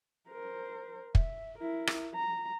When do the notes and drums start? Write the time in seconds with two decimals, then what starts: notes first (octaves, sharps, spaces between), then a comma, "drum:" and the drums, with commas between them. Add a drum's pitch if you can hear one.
0.29 A#4 C5
1.15 E5, drum: kick
1.59 E4 A#4
1.87 drum: rim click
2.14 A#5